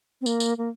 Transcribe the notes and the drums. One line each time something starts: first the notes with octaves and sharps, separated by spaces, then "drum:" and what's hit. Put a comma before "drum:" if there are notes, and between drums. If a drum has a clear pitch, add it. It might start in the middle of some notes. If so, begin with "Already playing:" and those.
C4
A#3, drum: tambourine
drum: tambourine
A#3